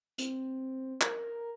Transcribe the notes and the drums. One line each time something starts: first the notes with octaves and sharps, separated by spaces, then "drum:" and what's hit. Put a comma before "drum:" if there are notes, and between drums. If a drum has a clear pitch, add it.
C4, drum: hi-hat
A#4, drum: clap